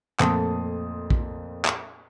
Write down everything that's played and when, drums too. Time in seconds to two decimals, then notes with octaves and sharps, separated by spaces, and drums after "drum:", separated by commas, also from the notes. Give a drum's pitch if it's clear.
0.20 F2 A#2 A3 A5 C6 D#6, drum: clap
1.10 drum: kick
1.65 drum: clap